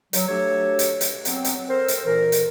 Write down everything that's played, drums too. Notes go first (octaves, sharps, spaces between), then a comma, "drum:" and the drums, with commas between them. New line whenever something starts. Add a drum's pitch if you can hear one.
F#3, drum: hi-hat
F#3 A3 D4 G4 A4 C#5
drum: hi-hat
drum: hi-hat
F#3 B3 C4, drum: hi-hat
drum: hi-hat
C4 A4 A#4 C5
drum: hi-hat
D2 A#2 E3 A#4
drum: hi-hat